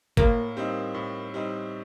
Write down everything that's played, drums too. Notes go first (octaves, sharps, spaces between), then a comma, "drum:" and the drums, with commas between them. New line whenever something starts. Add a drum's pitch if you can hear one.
A2 A#3, drum: kick G1
G3 C4 D#4
A2
G3 C4 D#4